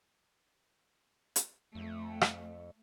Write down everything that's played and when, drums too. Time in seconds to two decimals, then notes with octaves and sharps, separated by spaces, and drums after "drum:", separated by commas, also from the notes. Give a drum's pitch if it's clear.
1.36 drum: hi-hat
1.75 F2 A3
2.21 drum: rim click